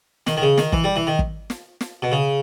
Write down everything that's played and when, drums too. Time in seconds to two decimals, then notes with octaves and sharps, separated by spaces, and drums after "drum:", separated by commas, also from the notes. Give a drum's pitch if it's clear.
0.27 D#3, drum: snare
0.37 D#3
0.42 C#3
0.58 D#3, drum: snare
0.73 E3, drum: kick
0.84 G3
0.96 E3
1.07 D#3
1.19 drum: kick
1.50 drum: snare
1.81 drum: snare
2.02 B2
2.12 C#3